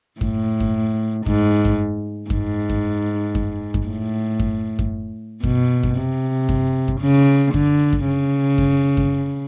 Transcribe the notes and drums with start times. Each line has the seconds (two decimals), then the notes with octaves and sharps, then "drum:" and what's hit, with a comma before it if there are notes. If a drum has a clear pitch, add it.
0.21 A2, drum: kick F#2
0.60 drum: kick F#2
1.26 G#2, drum: kick F#2
1.65 drum: kick F#2
2.30 G#2, drum: kick F#2
2.70 drum: kick F#2
3.35 drum: kick F#2
3.74 drum: kick F#2
3.87 A2
4.40 drum: kick F#2
4.79 drum: kick F#2
5.44 B2, drum: kick F#2
5.83 drum: kick F#2
5.97 C3
6.49 drum: kick F#2
6.88 drum: kick F#2
7.01 C#3
7.54 D3, drum: kick F#2
7.93 drum: kick F#2
8.05 C#3
8.58 drum: kick F#2
8.97 drum: kick F#2